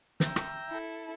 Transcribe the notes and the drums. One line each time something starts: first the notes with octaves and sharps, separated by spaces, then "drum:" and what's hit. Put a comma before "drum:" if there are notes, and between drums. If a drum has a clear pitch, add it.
E5 G5 A#5, drum: snare
drum: rim click
E4 A4